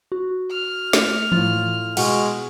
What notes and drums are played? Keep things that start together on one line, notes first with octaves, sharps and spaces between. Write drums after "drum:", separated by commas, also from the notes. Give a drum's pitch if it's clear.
F#4
F6
A3, drum: snare
A2 F4, drum: tom E3
B2 G#3 F#5 C#6, drum: cymbal